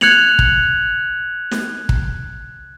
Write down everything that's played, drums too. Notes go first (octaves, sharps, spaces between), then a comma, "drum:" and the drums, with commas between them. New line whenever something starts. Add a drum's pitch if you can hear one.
F#6 G#6 C#7 F7 F#7, drum: snare
drum: kick
drum: snare
drum: kick